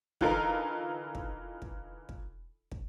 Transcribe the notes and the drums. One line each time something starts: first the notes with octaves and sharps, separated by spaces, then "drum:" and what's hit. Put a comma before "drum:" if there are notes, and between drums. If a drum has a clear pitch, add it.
D3 E3 D#4 F4 A4 A#4, drum: kick
drum: kick
drum: kick
drum: kick
drum: kick